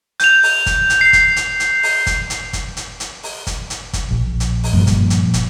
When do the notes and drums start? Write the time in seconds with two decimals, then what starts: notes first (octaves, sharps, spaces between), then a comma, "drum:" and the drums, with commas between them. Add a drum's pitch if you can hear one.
0.20 G6 F7, drum: hi-hat
0.43 drum: open hi-hat
0.66 drum: kick, hi-hat
0.90 drum: hi-hat
1.01 C7
1.13 drum: kick, hi-hat
1.36 drum: hi-hat
1.60 drum: hi-hat
1.83 drum: open hi-hat
2.07 drum: kick, hi-hat
2.30 drum: hi-hat
2.53 drum: kick, hi-hat
2.77 drum: hi-hat
3.00 drum: hi-hat
3.23 drum: open hi-hat
3.47 drum: kick, hi-hat
3.70 drum: hi-hat
3.93 drum: kick, hi-hat
4.11 A#1
4.40 drum: hi-hat
4.63 drum: open hi-hat
4.73 G2 A#2 F3
4.87 drum: kick, hi-hat
5.10 drum: hi-hat
5.34 drum: kick, hi-hat